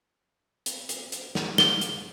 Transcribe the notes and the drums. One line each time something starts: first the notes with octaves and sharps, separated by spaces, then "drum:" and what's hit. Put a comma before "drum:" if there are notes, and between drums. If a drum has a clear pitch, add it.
drum: hi-hat
drum: hi-hat
drum: hi-hat
drum: snare
G7, drum: snare
drum: hi-hat